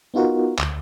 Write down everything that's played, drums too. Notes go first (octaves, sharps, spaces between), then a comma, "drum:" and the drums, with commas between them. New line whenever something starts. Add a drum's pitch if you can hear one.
B3 D#4 F4 F#4 A#4
D2, drum: clap